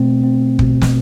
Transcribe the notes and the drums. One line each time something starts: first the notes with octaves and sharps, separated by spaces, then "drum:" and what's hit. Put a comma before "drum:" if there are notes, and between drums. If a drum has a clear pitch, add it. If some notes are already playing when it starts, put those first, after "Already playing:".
Already playing: B2 A3 C4
C4
B2, drum: kick
drum: snare